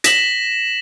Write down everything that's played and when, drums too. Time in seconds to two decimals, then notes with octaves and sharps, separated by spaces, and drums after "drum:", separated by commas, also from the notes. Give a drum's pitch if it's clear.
0.04 A#6 B6 E7 F#7, drum: hi-hat